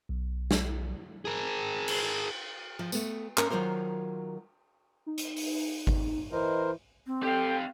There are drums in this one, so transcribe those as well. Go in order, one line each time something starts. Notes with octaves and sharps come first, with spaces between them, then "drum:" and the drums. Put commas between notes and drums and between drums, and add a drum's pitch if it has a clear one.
B1
drum: snare
G#4 A#4
drum: cymbal
F3
A3 B3, drum: tambourine
A#3 C#4 A#4, drum: clap
D#3 F#3 F4 A#4 C5
D#4
drum: hi-hat
drum: open hi-hat
drum: kick G#1
E3 A#4 C5 D#5
C4
G4 A4 F5 G5